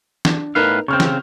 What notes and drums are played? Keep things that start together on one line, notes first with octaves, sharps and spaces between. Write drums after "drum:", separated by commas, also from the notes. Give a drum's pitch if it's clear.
D4, drum: snare
A2 B3 D#4 A#4 B4 F5
C#3 C4 C#6 F6 G6
drum: snare